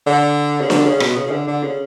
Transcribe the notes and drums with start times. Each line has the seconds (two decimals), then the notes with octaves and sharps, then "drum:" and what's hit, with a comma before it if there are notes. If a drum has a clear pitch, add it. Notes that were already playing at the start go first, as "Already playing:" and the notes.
0.07 D3
0.61 C#3
0.70 D3, drum: snare D4
0.85 C#3
1.00 B2, drum: rim click
1.16 C#3
1.26 C#3
1.32 D3
1.47 D3
1.63 C#3